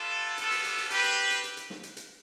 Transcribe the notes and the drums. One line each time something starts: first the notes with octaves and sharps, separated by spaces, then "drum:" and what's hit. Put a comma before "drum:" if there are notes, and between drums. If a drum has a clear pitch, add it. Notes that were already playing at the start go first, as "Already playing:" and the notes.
Already playing: G3 B3 F4 A4
G3 B3 F4 A4, drum: hi-hat
drum: open hi-hat
drum: hi-hat
drum: open hi-hat
C4 G4 B4, drum: hi-hat
drum: hi-hat
drum: hi-hat
drum: hi-hat
drum: hi-hat
drum: snare
drum: hi-hat
drum: hi-hat